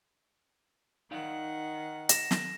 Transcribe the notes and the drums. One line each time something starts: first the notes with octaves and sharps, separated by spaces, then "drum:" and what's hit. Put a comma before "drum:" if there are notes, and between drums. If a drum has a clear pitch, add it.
D#3 D#4 D5 F5 F#5
A#6 E7, drum: hi-hat
drum: snare